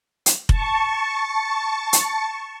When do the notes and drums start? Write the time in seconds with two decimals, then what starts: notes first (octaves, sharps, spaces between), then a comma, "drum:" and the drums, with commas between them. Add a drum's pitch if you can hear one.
0.26 drum: hi-hat
0.49 A5 C#6, drum: kick F1
1.93 drum: hi-hat